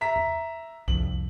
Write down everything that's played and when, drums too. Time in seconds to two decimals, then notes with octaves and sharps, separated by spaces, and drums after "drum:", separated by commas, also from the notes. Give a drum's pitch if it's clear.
0.01 E5 A#5 B6
0.16 drum: tom E2
0.88 C2 F2 D3 F#7, drum: kick